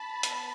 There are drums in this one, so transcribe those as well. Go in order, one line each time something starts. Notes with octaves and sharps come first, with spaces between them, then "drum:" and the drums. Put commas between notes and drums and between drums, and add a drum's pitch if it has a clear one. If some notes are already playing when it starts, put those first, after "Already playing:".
Already playing: A5 B5
B3, drum: hi-hat